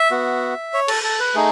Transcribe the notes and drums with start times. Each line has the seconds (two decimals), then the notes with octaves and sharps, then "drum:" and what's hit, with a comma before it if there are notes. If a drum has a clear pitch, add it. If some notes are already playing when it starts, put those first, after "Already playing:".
Already playing: E5
0.11 B3 F#4
0.74 C#5
0.88 A4, drum: cymbal
1.03 A4
1.19 B4
1.35 A3 D#4 G#4